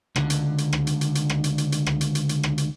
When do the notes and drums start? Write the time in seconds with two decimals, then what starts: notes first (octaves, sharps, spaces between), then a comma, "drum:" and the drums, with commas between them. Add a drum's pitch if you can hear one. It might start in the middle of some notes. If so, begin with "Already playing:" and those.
0.16 C#2 D3, drum: rim click
0.30 drum: hi-hat
0.58 drum: hi-hat
0.73 drum: rim click
0.87 drum: hi-hat
1.01 drum: hi-hat
1.15 drum: hi-hat
1.29 drum: rim click
1.44 drum: hi-hat
1.58 drum: hi-hat
1.72 drum: hi-hat
1.86 drum: rim click
2.01 drum: hi-hat
2.15 drum: hi-hat
2.29 drum: hi-hat
2.43 drum: rim click
2.58 drum: hi-hat